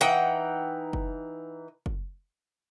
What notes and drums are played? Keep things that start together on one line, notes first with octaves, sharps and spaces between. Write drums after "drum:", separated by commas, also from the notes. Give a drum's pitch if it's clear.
E3 D#4 F#5 G5
drum: kick F#1
drum: kick F#1